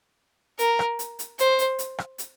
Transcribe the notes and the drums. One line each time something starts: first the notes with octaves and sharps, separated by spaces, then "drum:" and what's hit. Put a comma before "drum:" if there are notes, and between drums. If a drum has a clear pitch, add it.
A#4, drum: hi-hat
drum: rim click
drum: hi-hat
drum: hi-hat
C5, drum: hi-hat
drum: hi-hat
drum: hi-hat
drum: rim click
drum: hi-hat